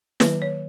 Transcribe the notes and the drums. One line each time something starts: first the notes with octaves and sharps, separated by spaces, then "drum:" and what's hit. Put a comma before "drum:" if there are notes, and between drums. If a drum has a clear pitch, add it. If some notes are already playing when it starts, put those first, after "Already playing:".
D#3 F#3 A#3 B4, drum: snare
C#5